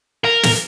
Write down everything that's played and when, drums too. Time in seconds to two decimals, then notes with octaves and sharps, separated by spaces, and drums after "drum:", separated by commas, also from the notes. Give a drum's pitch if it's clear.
0.24 A#4
0.43 drum: snare